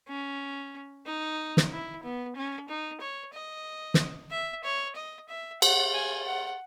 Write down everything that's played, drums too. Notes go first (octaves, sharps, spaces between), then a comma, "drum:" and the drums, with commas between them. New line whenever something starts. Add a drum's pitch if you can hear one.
C#4
D#4
drum: snare
E4
B3
C#4
D#4
C#5
D#5
drum: snare
E5
C#5
D#5
E5
F#5, drum: cymbal
G#5
F#5